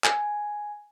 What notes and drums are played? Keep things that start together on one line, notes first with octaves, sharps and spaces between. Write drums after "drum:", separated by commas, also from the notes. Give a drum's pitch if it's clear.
G#5, drum: clap